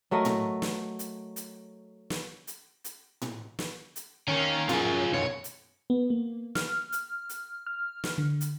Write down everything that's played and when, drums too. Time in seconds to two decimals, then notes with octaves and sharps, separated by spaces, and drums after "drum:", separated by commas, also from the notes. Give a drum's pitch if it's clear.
0.11 F#3 A3 A#4 D#5
0.25 drum: tom A2
0.62 drum: snare
0.99 drum: hi-hat
1.36 drum: hi-hat
2.10 drum: snare
2.47 drum: hi-hat
2.84 drum: hi-hat
3.22 drum: tom A2
3.59 drum: snare
3.96 drum: hi-hat
4.28 D#3 A#3 C#4
4.69 F#2 F4 G#4, drum: tom A2
5.14 B1 F#2 C#5
5.44 drum: hi-hat
5.90 B3
6.10 A#3
6.55 F6, drum: snare
6.92 drum: hi-hat
7.29 drum: hi-hat
7.66 F6
8.04 drum: snare
8.18 D3
8.41 drum: hi-hat